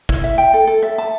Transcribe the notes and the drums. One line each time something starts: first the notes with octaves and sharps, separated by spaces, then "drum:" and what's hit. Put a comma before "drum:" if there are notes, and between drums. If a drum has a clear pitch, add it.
E4, drum: kick
E5
G5
A4
A4
E5
A5